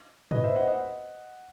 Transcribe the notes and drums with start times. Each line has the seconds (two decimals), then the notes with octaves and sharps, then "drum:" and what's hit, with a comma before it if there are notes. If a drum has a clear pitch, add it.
0.31 B4 D#5, drum: tom
0.44 C5 E5
0.55 D#5 F#5
0.68 D#5 F#5